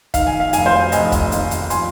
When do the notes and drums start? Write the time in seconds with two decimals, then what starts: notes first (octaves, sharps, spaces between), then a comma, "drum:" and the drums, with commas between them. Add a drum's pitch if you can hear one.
0.14 D#3 F5, drum: kick, hi-hat
0.27 G#5
0.40 F5
0.53 F1 G#5, drum: hi-hat
0.66 C5 F5
0.92 F1 D#5 G#5, drum: hi-hat
1.12 drum: kick, hi-hat
1.32 D#2, drum: hi-hat
1.51 drum: hi-hat
1.70 F3 G#5 C6, drum: hi-hat